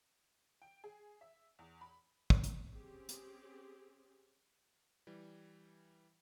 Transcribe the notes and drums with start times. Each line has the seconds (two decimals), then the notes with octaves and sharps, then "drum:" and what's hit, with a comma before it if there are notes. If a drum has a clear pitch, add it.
0.62 G5
0.84 G#4
1.21 E5
1.59 E2
1.81 B5
2.30 drum: kick
2.43 drum: hi-hat
2.70 C4 C#4 G4 G#4
3.09 drum: hi-hat
5.07 E3 G3